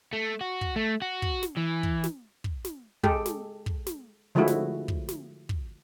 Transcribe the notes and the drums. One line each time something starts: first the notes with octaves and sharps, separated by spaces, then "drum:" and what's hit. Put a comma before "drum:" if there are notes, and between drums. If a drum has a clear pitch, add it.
A3
F#4
drum: kick
A3
F#4
drum: kick
drum: snare
E3
drum: kick
drum: snare
drum: kick
drum: snare
G#3 G4 A4, drum: kick
drum: snare
drum: kick
drum: snare
D3 F3 G#3 A3 E4 F#4
drum: snare
drum: kick
drum: snare
drum: kick